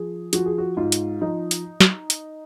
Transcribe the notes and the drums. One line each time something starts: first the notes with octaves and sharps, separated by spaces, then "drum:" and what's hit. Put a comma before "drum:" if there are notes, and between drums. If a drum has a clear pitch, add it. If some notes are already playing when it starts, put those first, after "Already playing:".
Already playing: F3 G#4
F3 F#4, drum: hi-hat
G#4
F#4
G#2 F4
drum: hi-hat
F3 D#4
drum: hi-hat
drum: snare
drum: hi-hat